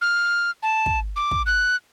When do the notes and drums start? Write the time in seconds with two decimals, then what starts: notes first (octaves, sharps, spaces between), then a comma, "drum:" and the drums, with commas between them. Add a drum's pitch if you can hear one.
0.01 F6
0.63 A5
0.86 drum: kick
1.16 D6
1.31 drum: kick
1.46 F#6